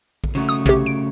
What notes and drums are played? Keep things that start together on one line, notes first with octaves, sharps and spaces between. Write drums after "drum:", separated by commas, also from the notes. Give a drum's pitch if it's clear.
drum: kick A#1
C#3 F#3 A3
D#6
C3 G4, drum: kick A#1
D7